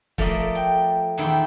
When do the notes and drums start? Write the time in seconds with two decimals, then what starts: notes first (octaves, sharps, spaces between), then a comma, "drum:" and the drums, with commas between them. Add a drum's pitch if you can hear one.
0.18 F3 A3 A#3 A#4 D5 D#5, drum: kick
0.55 G5
1.17 E2 A#2 D#3 E4 G5 B5